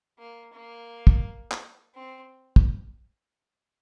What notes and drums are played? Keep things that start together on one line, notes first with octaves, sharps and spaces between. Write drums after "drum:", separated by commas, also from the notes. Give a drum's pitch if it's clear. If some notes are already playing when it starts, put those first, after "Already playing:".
A#3
A#3
drum: kick
drum: clap
C4
drum: kick